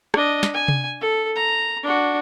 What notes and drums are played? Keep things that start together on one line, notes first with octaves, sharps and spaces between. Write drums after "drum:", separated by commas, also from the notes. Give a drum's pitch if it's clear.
D4 D#5, drum: rim click
drum: snare
G#5
drum: tom C3
A4
A#5
D4 F#4